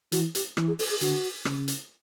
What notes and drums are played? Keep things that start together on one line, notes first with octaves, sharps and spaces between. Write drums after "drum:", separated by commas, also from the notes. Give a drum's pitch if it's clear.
E3 F#4, drum: hi-hat
G4, drum: hi-hat
E3, drum: rim click
G#4
A4, drum: open hi-hat
G#4
D3 F#4, drum: hi-hat
C#3, drum: rim click
drum: hi-hat